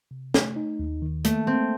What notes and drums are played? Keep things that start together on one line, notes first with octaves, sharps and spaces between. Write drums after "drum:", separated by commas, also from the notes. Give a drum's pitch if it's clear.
C3
A3, drum: snare
D#4
D#2
D#3
A3 A#3, drum: hi-hat
A#3 C4